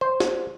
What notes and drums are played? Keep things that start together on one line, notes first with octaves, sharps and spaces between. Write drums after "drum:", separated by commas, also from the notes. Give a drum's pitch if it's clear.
C5
drum: snare